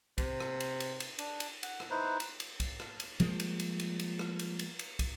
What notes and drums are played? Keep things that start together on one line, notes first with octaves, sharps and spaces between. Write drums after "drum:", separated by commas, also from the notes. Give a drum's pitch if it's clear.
C3, drum: kick, cymbal
drum: rim click
drum: cymbal
drum: cymbal
drum: cymbal
D4, drum: cymbal
drum: cymbal
F#5, drum: cymbal
drum: rim click
D#4 E4 B4 C5
drum: cymbal
drum: cymbal
drum: kick, cymbal
drum: rim click
drum: cymbal
F3 G3 G#3 A#3, drum: cymbal
drum: cymbal
drum: cymbal
drum: cymbal
drum: cymbal
drum: rim click
drum: cymbal
drum: cymbal
drum: cymbal
drum: kick, cymbal